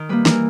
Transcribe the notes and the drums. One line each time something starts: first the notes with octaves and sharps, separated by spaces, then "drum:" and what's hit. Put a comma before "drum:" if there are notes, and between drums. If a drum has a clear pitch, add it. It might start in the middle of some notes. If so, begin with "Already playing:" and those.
Already playing: D#3
G3 A#3 B4
E3 A#4, drum: snare